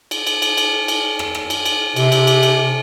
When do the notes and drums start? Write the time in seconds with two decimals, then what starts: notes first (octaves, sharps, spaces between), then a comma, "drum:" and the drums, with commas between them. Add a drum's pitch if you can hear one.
0.11 drum: cymbal
0.27 drum: cymbal
0.42 drum: cymbal
0.57 drum: cymbal
0.88 drum: cymbal
1.19 drum: rim click
1.35 drum: rim click
1.50 drum: cymbal
1.66 drum: cymbal
1.96 C3, drum: cymbal
2.12 drum: cymbal
2.27 drum: cymbal
2.43 drum: cymbal